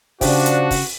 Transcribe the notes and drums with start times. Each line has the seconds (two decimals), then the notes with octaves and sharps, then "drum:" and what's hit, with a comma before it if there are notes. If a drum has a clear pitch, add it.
0.21 C#3 F3 D4 F#4 G4, drum: kick, open hi-hat
0.46 drum: hi-hat
0.71 drum: kick, open hi-hat